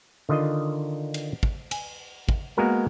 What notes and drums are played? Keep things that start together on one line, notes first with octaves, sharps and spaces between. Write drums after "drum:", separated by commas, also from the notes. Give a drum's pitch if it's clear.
D3 D#3 F4 D#5
drum: cymbal
drum: kick
G#5, drum: cymbal
drum: kick
G#3 A#3 B3 F#4 A#4 G#5